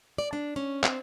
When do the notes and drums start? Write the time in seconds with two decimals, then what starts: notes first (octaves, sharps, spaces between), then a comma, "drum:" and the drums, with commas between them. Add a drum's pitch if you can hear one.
0.18 D5
0.33 D4
0.56 C#4
0.83 C4, drum: clap